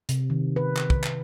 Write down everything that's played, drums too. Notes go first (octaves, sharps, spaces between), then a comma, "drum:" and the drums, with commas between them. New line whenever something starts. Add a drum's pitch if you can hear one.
C3, drum: hi-hat
D#3
B4
drum: clap
drum: kick
drum: clap